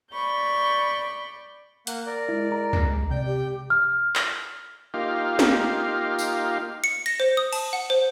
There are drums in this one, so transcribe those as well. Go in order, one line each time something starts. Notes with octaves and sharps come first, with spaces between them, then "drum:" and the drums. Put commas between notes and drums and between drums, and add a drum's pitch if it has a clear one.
D5 B5 C#6 G6
A#3 F#5 G6, drum: hi-hat
A#4 D5
G#3 E4
A#5
drum: tom
C3 D5 G5 G6
G4
F6
drum: clap
A#3 D#4 F4 G4 F5
drum: snare
drum: tambourine
C#7
A#6, drum: cymbal
C5
D#6
A5, drum: cymbal
F#5
C5